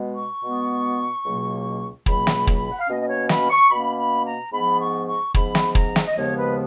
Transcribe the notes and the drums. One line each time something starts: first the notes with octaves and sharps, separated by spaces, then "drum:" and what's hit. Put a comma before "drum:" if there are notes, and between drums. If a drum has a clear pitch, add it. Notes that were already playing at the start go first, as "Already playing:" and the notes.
Already playing: B2 G#3 B3
C#6
B2 G#3 B3
C#2 B2 F#3 A#3
C#2 B2 F#3 A#3 B5, drum: kick
drum: snare
drum: kick
F#5
F5
B2 A#3 C#4 D#5
D#5
C#5
B5, drum: snare
C#6
B2 A#3 C#4 B5
B5
A#5
G#2 F3 B3 B5
C#6
C#6
G#2 F3 B3 B5, drum: kick
drum: snare
A#5, drum: kick
drum: snare
D#5
D#2 C#3 F3 G#3 B3 C#5
B4